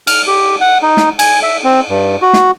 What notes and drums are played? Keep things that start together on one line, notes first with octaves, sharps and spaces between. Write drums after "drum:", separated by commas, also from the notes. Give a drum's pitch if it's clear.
F6, drum: cymbal
G4
F#5
D#4
drum: snare
G#5, drum: cymbal
E5
C4
G2
F#4
drum: snare